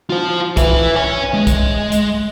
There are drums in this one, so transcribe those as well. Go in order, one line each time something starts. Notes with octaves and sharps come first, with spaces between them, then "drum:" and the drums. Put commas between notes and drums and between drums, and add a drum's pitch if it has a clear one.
F4 C5
B4 E5, drum: kick, hi-hat
C#5 G#5
G#3
drum: kick, hi-hat
drum: hi-hat